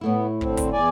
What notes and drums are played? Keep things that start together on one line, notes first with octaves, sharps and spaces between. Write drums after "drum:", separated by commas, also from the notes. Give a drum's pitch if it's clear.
A2 A3 B3 E4
D3 C4, drum: kick
drum: kick, hi-hat
E2 D5 G#5